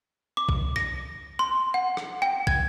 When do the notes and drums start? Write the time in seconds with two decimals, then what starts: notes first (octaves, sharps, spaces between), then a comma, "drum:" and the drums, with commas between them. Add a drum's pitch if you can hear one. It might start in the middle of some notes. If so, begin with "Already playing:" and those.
0.37 D6
0.49 drum: kick
0.76 A#6, drum: rim click
1.39 C6
1.74 F#5
1.97 drum: rim click
2.22 G5
2.47 G#6, drum: kick